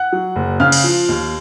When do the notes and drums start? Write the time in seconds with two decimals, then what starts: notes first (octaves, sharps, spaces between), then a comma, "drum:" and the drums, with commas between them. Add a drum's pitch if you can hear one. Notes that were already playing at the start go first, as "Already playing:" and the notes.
Already playing: F#5 F#6
0.12 F#3
0.36 F#1
0.60 C#3 F5 F6
0.72 drum: cymbal
0.84 F3
1.09 D#2